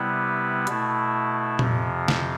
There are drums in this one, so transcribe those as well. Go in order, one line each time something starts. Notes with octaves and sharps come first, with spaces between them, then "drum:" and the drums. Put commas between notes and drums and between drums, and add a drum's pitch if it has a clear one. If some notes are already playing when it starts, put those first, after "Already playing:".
Already playing: C3 G3 B3 E4 B4
B2 A3 E4, drum: hi-hat
F2 C3 F3, drum: tom A#2
drum: snare